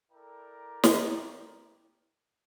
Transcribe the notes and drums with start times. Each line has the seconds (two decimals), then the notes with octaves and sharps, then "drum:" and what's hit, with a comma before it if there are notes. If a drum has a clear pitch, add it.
0.12 E4 A4 A#4 D5 G5 A#5
0.84 drum: snare